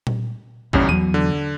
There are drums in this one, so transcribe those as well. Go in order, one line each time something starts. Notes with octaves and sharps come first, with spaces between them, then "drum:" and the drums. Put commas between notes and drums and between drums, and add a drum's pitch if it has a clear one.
drum: tom A#2
F#1 B1 E2 C#3 G3 C#4, drum: kick A#1
E2 F#3 D#7
D3